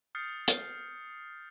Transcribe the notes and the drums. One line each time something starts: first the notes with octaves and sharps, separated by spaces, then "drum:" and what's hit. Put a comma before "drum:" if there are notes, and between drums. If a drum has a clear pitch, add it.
D#6 F6 G6 A6 C7 C#7
drum: hi-hat